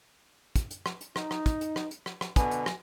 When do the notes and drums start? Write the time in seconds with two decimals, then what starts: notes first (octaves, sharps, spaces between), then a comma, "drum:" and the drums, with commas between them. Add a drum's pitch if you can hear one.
0.56 drum: kick, hi-hat
0.71 drum: hi-hat
0.86 drum: rim click
1.01 drum: hi-hat
1.16 D#4, drum: rim click
1.31 drum: rim click
1.46 drum: kick, hi-hat
1.61 drum: hi-hat
1.76 drum: rim click
1.91 drum: hi-hat
2.06 drum: rim click
2.21 drum: rim click
2.36 B2 D3 B3 G#5, drum: kick, hi-hat
2.51 drum: hi-hat
2.66 drum: rim click